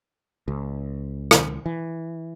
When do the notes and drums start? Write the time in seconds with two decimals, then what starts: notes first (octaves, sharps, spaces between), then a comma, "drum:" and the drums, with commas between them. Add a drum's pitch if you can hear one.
0.48 C#2
1.31 drum: rim click
1.66 E3